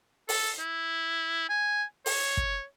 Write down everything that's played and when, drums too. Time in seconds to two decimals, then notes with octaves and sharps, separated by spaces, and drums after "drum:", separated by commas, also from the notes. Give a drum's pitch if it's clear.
0.29 A4, drum: open hi-hat
0.59 E4
1.49 G#5
2.06 C#5, drum: open hi-hat
2.37 drum: kick